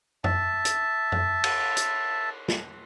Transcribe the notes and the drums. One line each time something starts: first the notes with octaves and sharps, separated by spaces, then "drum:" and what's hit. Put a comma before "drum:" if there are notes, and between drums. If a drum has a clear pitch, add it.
E5 A5, drum: tom F#2
drum: hi-hat
drum: tom F#2
drum: cymbal
drum: hi-hat
drum: snare